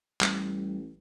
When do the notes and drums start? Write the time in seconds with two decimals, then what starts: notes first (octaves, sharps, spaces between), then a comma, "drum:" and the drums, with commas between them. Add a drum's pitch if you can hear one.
0.21 A1 G3, drum: clap